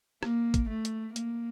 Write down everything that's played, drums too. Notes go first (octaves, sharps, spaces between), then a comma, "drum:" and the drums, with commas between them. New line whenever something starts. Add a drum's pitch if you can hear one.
A#3, drum: rim click
drum: kick, hi-hat
A3
drum: hi-hat
A#3, drum: hi-hat